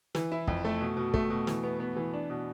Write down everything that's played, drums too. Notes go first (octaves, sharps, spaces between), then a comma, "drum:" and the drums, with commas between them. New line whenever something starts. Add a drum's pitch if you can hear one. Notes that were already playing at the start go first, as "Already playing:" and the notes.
E3, drum: snare
E4
F2, drum: kick
A3
B2
B2
A3, drum: kick
B2
E3, drum: snare
B3
B3
E3
D4
B2